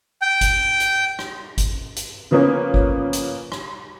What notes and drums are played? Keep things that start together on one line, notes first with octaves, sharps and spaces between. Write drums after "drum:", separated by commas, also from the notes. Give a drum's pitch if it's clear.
G5
drum: kick G#1, hi-hat
drum: hi-hat
drum: rim click
drum: kick G#1, hi-hat
drum: hi-hat
C#3 F3 A#3 B3 C#4
drum: kick G#1
drum: hi-hat
drum: rim click